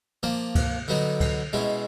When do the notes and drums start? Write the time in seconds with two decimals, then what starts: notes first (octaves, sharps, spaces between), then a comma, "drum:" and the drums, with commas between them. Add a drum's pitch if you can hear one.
0.23 F3 A#3 D4
0.55 drum: kick C#2, cymbal
0.88 D3 F#3 B3 D#4
1.20 drum: kick C#2, cymbal
1.53 B2 G#3 C#4 E4